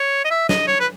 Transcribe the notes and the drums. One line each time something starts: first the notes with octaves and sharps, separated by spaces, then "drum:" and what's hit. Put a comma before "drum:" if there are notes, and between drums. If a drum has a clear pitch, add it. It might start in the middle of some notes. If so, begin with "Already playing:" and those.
Already playing: C#5
D#5
E5
D#5, drum: snare
C#5
B4